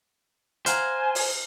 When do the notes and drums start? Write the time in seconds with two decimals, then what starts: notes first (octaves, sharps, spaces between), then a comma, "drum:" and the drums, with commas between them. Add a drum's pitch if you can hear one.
0.66 C5 F5 F#5 G#5 A#5, drum: hi-hat
1.15 drum: open hi-hat